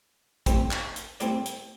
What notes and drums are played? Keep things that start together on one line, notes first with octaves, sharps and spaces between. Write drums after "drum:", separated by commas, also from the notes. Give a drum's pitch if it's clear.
A2 G3 C4, drum: kick, hi-hat
drum: clap
drum: hi-hat
A2 G3 C4 D5, drum: hi-hat
drum: hi-hat